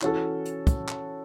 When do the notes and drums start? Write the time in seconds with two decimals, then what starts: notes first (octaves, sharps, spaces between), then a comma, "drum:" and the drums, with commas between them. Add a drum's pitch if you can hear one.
0.01 E3 C#4 F#4 A4 C#5, drum: clap
0.45 drum: hi-hat
0.67 drum: kick, hi-hat
0.88 drum: clap